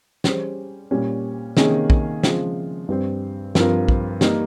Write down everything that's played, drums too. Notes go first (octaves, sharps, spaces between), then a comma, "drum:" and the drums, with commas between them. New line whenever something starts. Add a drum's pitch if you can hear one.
G3 C#4 G#4 C5, drum: snare
A#2 G3 C#4
C3 D#3 A#3 C#4 G#4, drum: snare
drum: kick
C#3 F3 G#3 C4 F4, drum: snare
G2 G3 C4
G2 F3 C4 F4 A#4, drum: snare
drum: kick
G3 A#3 D#4 A#4, drum: snare